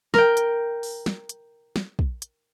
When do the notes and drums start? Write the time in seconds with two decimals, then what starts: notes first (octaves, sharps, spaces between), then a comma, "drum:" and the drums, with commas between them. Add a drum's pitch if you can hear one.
0.14 A#4 G5, drum: snare
0.37 drum: hi-hat
0.83 drum: open hi-hat
1.06 drum: snare
1.29 drum: hi-hat
1.76 drum: snare
1.99 drum: kick
2.22 drum: hi-hat